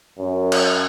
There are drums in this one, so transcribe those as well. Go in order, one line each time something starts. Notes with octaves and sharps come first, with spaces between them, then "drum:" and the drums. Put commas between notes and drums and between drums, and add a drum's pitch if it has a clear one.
F#2
drum: cymbal